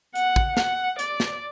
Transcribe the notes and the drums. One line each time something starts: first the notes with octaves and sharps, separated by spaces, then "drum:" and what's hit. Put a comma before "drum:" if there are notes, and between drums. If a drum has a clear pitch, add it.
F#5, drum: hi-hat
drum: kick
F#5, drum: snare
D5, drum: hi-hat
drum: snare